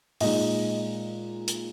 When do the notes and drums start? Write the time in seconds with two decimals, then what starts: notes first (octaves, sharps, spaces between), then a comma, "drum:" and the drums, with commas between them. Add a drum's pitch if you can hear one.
0.20 A#2 G#3 D#4 D#5, drum: open hi-hat
1.48 drum: hi-hat